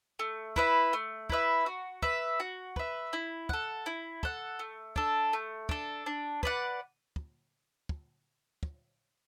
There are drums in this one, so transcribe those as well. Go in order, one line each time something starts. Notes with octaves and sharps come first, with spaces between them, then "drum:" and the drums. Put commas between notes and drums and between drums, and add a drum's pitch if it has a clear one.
A3
E4 B4 E5, drum: kick
A3
E4 B4 E5, drum: kick
F#4
B4 E5, drum: kick
F#4
B4 E5, drum: kick
E4
A4 F#5, drum: kick
E4
A4 F#5, drum: kick
A3
D4 A4, drum: kick
A3
D4 A4, drum: kick
D4
B4 D5 F#5, drum: kick
drum: kick
drum: kick
drum: kick